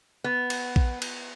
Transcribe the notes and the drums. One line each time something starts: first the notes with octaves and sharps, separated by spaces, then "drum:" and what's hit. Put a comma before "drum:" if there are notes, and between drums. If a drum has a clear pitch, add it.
B3
drum: cymbal
drum: kick A#1
drum: cymbal